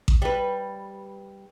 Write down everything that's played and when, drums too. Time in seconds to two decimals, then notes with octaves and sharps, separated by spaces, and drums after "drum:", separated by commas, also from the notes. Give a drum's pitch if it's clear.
0.08 drum: kick A1
0.22 G3 B4